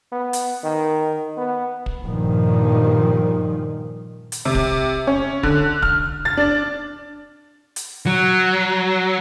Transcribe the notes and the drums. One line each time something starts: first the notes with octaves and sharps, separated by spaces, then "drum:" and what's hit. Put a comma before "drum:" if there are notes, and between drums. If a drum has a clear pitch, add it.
B3
drum: hi-hat
D#3
B3
drum: kick
G2 A#2 D#3 F3
drum: hi-hat
C3
drum: kick
C#4
D3, drum: kick
F6, drum: kick
A6
D4
drum: hi-hat
F#3